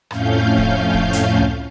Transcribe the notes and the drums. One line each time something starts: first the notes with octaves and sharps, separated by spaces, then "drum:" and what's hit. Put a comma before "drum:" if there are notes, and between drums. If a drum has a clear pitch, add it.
F2 A2 A3 C#4 F5 G6, drum: rim click
drum: kick
drum: kick
drum: hi-hat
drum: tom C#2